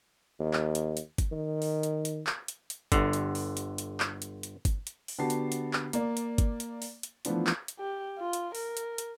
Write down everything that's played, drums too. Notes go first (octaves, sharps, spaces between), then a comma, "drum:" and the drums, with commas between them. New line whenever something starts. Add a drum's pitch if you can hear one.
D#2
drum: clap
drum: hi-hat
drum: hi-hat
drum: kick G1, hi-hat
D#3
drum: open hi-hat
drum: hi-hat
drum: hi-hat
drum: clap
drum: hi-hat
drum: hi-hat
G1 D3, drum: kick G1, hi-hat
drum: hi-hat
drum: open hi-hat
drum: hi-hat
drum: hi-hat
drum: clap
drum: hi-hat
drum: hi-hat
drum: kick G1, hi-hat
drum: hi-hat
drum: open hi-hat
D3 B3 F#4 G4 A5 C7
drum: hi-hat
drum: hi-hat
drum: clap
A#3 D5, drum: hi-hat
drum: hi-hat
drum: kick G1, hi-hat
drum: hi-hat
drum: open hi-hat
drum: hi-hat
E3 F3 A3 B3 D4 F4, drum: hi-hat
drum: clap
drum: hi-hat
G4
F4
drum: hi-hat
A#4, drum: open hi-hat
drum: hi-hat
drum: hi-hat